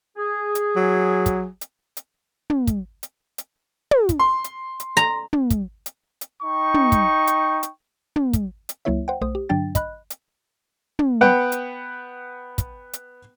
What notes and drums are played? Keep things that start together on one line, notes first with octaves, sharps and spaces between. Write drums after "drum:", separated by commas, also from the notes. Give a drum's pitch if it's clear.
G#4
drum: hi-hat
F#3
drum: kick, hi-hat
drum: hi-hat
drum: hi-hat
drum: tom
drum: kick, hi-hat
drum: hi-hat
drum: hi-hat
drum: tom
drum: kick, hi-hat
C6
drum: hi-hat
drum: hi-hat
A#5
drum: tom
drum: kick, hi-hat
drum: hi-hat
drum: hi-hat
D#4 G5 C#6
drum: tom
drum: kick, hi-hat
drum: hi-hat
drum: hi-hat
drum: tom
drum: kick, hi-hat
drum: hi-hat
C#2 F#3 A#3 E4 C#5 E5
C5 F#5 G5
B1 A3 C5 D#6
G4
G2 D3 F#3 D4 G5 A6
D#5 B5 F#6, drum: kick, hi-hat
drum: hi-hat
drum: tom
B3 B4 F#5 G5
drum: hi-hat
drum: kick, hi-hat
drum: hi-hat